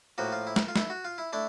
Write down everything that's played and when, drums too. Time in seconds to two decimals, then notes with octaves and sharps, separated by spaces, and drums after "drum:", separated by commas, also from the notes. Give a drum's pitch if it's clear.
0.18 A2 F3 A#3 F#4
0.32 F4
0.47 E4
0.56 drum: snare
0.68 F4
0.76 E4, drum: snare
0.90 F#4
1.05 F4
1.18 E4
1.33 A3 D4 E4